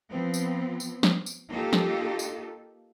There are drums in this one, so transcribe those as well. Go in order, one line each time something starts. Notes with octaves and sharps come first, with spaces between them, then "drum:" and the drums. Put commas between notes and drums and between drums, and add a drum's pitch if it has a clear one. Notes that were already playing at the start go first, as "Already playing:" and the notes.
F3 B3 C4
drum: tambourine
drum: tambourine
drum: snare
drum: tambourine
A#3 D#4 F4 G4 A4
drum: snare
drum: tambourine